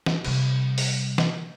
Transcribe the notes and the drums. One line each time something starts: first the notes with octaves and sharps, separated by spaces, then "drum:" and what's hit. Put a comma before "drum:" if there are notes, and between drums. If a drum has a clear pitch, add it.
drum: snare
C3 G3, drum: cymbal
drum: open hi-hat
drum: snare